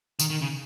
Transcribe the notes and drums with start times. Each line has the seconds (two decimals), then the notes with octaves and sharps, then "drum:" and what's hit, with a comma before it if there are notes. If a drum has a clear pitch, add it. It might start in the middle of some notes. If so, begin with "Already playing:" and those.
0.19 D#3, drum: tambourine
0.30 D#3
0.41 C#3